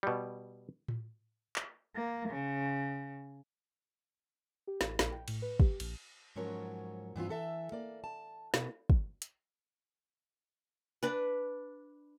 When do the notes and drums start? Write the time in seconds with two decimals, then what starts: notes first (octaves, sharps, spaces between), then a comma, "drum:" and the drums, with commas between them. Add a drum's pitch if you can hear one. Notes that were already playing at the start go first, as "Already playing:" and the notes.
0.03 B2 G3
0.88 drum: tom A2
1.56 drum: clap
1.96 A#3
2.29 C#3
4.67 G4
4.81 A1, drum: snare
4.99 A#1, drum: snare
5.12 G5
5.28 A2, drum: cymbal
5.42 B4
5.60 G4, drum: kick
5.80 A#1, drum: cymbal
6.36 G#2 F3 F#3 C#4 A#4 C#5
7.16 G2 E3 C4 F4
7.29 E3 A4 E5
7.72 A#3 D5
8.04 A5
8.54 B2 B3, drum: snare
8.90 drum: kick
9.22 drum: hi-hat
11.03 D4 B4